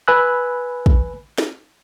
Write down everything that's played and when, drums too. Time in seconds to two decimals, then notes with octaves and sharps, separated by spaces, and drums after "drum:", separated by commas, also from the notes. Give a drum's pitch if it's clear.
0.08 B4 G#5 B5 E6 F#6
0.86 drum: kick
1.38 drum: snare